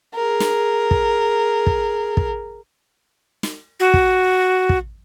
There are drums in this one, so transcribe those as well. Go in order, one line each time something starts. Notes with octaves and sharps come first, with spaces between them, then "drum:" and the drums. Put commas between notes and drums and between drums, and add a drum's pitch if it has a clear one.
G#4 A#4
drum: snare
drum: kick
drum: kick
drum: kick
drum: snare
F#4
drum: kick
drum: kick